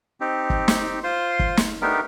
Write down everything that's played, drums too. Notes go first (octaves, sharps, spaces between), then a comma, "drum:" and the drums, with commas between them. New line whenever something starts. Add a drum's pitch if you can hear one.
C4 D#4 G4
drum: kick F#1
drum: snare
F4 C5 C6
drum: kick F#1
drum: snare
A3 B3 D4 D#4 G4 A#4